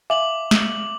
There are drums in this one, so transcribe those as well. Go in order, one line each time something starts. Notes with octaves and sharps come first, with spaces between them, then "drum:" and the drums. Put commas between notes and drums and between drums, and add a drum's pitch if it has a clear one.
E5 F5 G#5 D6 F#7
drum: snare